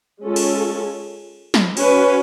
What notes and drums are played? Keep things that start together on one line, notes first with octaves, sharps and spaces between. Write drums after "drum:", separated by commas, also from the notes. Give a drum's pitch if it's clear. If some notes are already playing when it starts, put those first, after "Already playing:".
G#3 C#4 F4 A4
drum: cymbal
drum: snare
C#4 F#4 B4, drum: cymbal